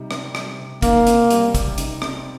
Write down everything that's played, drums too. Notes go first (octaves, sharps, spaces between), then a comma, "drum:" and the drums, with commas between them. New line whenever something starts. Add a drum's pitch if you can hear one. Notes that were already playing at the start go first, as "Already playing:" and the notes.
Already playing: C3 G3 D#4
C4, drum: rim click
G3, drum: rim click
C3
A#3 D#4, drum: kick, hi-hat
C4, drum: hi-hat
G3, drum: hi-hat
C3, drum: kick, hi-hat
D#4, drum: hi-hat
C4, drum: rim click